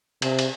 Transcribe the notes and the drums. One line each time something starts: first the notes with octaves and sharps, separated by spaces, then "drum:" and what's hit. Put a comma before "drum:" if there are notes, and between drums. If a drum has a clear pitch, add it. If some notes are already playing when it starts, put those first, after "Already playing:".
C3, drum: cymbal
drum: cymbal